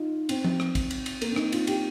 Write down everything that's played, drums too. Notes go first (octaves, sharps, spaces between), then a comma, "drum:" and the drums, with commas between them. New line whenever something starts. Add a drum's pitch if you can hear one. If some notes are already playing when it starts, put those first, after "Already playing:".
Already playing: D#4 F4
C4, drum: cymbal
drum: tom F3
drum: rim click
drum: kick A1, cymbal
drum: cymbal
drum: cymbal
A#3, drum: cymbal
C4
D#4, drum: rim click
F4, drum: cymbal
G4, drum: cymbal